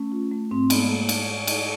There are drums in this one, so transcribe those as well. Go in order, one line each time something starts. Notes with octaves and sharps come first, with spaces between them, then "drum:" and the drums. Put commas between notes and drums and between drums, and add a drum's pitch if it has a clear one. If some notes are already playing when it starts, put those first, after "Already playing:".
Already playing: A3 C#4
F4
A3
G#2 C4
G#3 B3, drum: cymbal
A#3
drum: cymbal
drum: cymbal